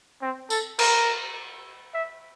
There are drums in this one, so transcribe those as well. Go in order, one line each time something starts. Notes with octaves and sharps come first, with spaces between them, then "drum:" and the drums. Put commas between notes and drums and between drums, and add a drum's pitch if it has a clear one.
C4
A4, drum: tambourine
A#4, drum: cymbal
E5